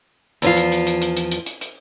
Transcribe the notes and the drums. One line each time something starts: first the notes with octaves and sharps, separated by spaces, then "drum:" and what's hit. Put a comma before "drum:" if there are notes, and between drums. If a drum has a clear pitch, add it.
E2 F3 F4, drum: hi-hat
drum: hi-hat
drum: hi-hat
drum: hi-hat
drum: hi-hat
drum: hi-hat
drum: hi-hat
drum: hi-hat
drum: hi-hat